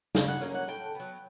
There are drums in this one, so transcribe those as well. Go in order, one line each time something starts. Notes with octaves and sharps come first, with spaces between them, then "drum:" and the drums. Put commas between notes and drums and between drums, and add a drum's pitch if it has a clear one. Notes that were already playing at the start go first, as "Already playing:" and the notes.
C#3 F5, drum: snare
F#5
F#3 A#3 C#4
F#5
A2 G5
F#3 B3